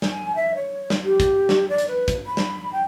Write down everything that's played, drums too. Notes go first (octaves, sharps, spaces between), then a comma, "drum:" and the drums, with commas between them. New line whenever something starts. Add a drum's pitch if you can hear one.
G#5, drum: snare
E5
C#5
drum: snare
G4
drum: kick, hi-hat
drum: snare
D5
drum: hi-hat
B4
drum: kick, hi-hat
B5
drum: snare
G5